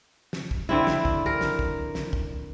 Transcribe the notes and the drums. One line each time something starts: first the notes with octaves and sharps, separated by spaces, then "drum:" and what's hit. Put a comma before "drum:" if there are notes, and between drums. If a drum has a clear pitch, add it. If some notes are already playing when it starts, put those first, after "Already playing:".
drum: snare
drum: kick
D3 C4 E4
drum: snare
drum: kick
A#4
drum: snare
drum: kick
drum: snare
drum: kick